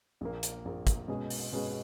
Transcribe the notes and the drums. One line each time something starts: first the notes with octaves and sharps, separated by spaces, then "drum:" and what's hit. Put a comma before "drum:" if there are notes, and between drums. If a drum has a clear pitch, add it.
A#1 A#2 A#3
drum: hi-hat
A#1 A#2 A#3
drum: kick, hi-hat
B2 G#3 C#4 G#4 B4
drum: open hi-hat
B2 G#3 C#4 G#4 B4